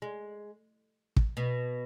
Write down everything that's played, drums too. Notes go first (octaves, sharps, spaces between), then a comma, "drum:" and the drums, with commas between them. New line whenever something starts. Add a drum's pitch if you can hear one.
G#3
drum: kick
B2